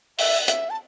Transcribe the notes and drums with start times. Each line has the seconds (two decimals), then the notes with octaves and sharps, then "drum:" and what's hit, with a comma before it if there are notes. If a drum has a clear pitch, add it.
0.18 E5, drum: open hi-hat
0.48 E5, drum: hi-hat
0.70 A5